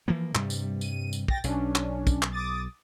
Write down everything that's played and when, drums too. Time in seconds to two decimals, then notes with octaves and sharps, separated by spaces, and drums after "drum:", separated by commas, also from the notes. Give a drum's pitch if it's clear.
0.08 E3 F3 A#3
0.35 G2 C3 G3, drum: clap
0.50 drum: tambourine
0.81 D#7, drum: tambourine
1.13 drum: tambourine
1.28 G5 A6 A#6, drum: kick
1.44 B1 C#4 D4, drum: tambourine
1.75 drum: clap
2.07 drum: kick, tambourine
2.22 drum: clap
2.32 D6 D#6 A6